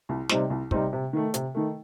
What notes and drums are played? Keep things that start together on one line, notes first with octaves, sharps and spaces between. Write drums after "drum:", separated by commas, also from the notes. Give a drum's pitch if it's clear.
C2
C3 G3 C4 D#4, drum: snare
C2
C3 G3 C4 D#4, drum: kick
C3
D#3 A3
C3, drum: hi-hat
D#3 A3